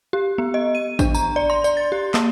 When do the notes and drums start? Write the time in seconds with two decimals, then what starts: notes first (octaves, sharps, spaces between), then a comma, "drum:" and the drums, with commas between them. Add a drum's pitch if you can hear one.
0.13 G4
0.38 B3
0.54 D#5
0.75 D#7
0.99 D4, drum: kick A1, tambourine
1.15 A#5, drum: tambourine
1.36 D5
1.50 C6
1.64 D5, drum: tambourine
1.77 A6
1.92 G4
2.14 A#3, drum: clap